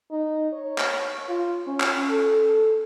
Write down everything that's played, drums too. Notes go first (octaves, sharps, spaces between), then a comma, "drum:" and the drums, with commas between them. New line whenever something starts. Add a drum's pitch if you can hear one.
D#4
C#5
drum: clap
F4
C#4
drum: clap
A4